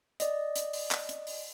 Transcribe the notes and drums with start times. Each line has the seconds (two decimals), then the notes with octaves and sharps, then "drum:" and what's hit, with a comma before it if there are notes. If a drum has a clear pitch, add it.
0.20 D5 D#5, drum: hi-hat
0.56 drum: hi-hat
0.73 drum: open hi-hat
0.91 drum: clap
1.09 drum: hi-hat
1.27 drum: open hi-hat